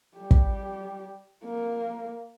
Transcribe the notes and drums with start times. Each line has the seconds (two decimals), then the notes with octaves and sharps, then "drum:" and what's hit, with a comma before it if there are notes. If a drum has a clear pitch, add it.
0.18 G3 G4
0.31 drum: kick
1.44 A#3 A#4